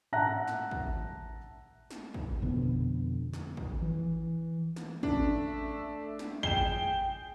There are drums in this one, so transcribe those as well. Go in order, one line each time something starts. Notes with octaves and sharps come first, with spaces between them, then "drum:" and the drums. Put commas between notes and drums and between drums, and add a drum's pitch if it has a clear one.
E5 F#5 A5 A#5 F#6 A#6
drum: snare
drum: kick
drum: snare
drum: kick
F2 B2 D3 B3
drum: snare
drum: kick
E3
drum: snare
A3 D4 E5, drum: kick
drum: snare
G#4 G5 C7 E7 G7, drum: kick